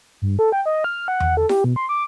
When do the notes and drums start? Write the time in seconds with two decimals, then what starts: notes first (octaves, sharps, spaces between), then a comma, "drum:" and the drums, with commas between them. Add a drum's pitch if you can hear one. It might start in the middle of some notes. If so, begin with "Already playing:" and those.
0.22 G2
0.39 A4
0.52 G5
0.66 D#5
0.84 F6
1.08 F#5
1.20 drum: tom E2
1.37 A4
1.49 G4, drum: snare E4
1.64 B2
1.76 C6
1.89 D6